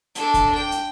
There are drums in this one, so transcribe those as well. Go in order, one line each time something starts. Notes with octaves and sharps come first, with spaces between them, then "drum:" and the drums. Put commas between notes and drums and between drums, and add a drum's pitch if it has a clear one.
D4 A4, drum: hi-hat
drum: kick, hi-hat
G5
drum: hi-hat